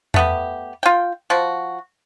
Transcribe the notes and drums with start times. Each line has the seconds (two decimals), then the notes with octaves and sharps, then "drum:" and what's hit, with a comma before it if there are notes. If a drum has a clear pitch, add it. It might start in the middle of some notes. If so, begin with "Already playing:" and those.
0.14 A3 B3 G4, drum: tom E2
0.83 F4 G5
1.30 F3 F#4